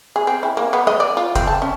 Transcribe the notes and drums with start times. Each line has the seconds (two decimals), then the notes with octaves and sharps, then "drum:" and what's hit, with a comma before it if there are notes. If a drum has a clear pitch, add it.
0.16 G#4
0.27 C4
0.43 E4
0.57 A#3
0.73 B3
0.87 D#5, drum: rim click
1.00 D5
1.17 F4
1.35 C4, drum: kick F1, hi-hat
1.47 A5
1.62 C#4